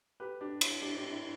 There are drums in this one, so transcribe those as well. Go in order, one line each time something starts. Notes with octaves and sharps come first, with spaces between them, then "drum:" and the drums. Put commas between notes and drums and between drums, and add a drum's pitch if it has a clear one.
G4 B4
D4 G4
E4, drum: cymbal
D4 G4
D4 G4
E4